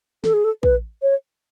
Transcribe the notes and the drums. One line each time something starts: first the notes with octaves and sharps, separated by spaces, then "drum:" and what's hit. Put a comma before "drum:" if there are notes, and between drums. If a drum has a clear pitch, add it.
A4, drum: snare
G#4
A4
B4, drum: kick
C#5